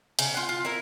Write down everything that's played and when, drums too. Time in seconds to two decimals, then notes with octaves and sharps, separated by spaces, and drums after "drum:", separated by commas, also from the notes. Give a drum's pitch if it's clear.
0.19 C#3, drum: hi-hat
0.34 F4 F#5
0.49 F4
0.65 E4 A#4